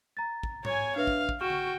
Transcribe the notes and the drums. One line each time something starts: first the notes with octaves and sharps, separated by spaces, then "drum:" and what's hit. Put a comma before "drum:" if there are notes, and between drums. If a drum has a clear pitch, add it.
A#5 A6
drum: kick
C#5 G#5, drum: tom G#2
D4 B4 E5 F5
drum: kick
drum: kick
F#4 G5 C#6 F6 E7
drum: tom D3